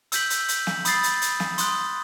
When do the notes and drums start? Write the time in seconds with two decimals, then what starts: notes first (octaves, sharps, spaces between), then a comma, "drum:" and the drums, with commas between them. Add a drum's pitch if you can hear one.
0.12 E6 G6 B6 F#7, drum: hi-hat
0.30 drum: hi-hat
0.48 drum: hi-hat
0.67 drum: snare
0.85 B5 D#6 A6 C7, drum: hi-hat
1.03 drum: hi-hat
1.22 drum: hi-hat
1.40 drum: snare
1.58 C6 D#6 F#6, drum: hi-hat